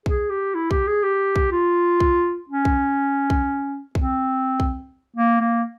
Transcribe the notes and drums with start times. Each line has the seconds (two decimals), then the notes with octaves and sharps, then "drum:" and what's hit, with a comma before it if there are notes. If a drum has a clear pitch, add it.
0.06 G#4, drum: kick B1
0.30 G4
0.54 E4
0.71 G4, drum: kick B1
0.87 G#4
1.03 G4
1.36 drum: kick B1
1.52 F4
2.00 drum: kick B1
2.49 C#4
2.65 drum: kick B1
3.30 drum: kick B1
3.95 C4, drum: kick B1
4.60 drum: kick B1
5.16 A#3
5.41 A#3